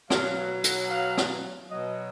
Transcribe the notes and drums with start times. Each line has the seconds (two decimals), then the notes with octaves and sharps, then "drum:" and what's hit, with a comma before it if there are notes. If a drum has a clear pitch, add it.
0.10 B2 F#3 F5, drum: rim click
0.64 drum: hi-hat
0.91 F5
1.17 drum: rim click
1.71 B2 F#3 D#5